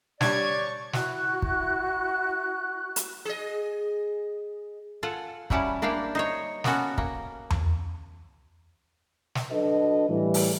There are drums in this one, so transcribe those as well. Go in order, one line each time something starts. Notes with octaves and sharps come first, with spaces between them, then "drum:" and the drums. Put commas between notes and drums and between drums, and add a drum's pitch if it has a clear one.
G3 D4 C#5 D5 C#6 G#6, drum: snare
E4 F#4 F#6, drum: snare
drum: kick
drum: hi-hat
G#4 D#5
F4 A4 F#5 G#5
F#3 G3 C#4 E4 F#5 A5, drum: kick
A#3 D4 E4 F5 G5
D#4 C5 C#5
A#3 B3 C#4 F#4 A4, drum: snare
A#3, drum: kick
drum: tom E2
drum: snare
F#3 D4 F#4 A4 B4 D#5
A2 E3 G3
drum: open hi-hat